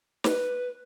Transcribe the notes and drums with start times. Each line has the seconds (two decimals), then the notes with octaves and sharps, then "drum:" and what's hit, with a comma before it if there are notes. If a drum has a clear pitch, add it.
0.24 B4, drum: snare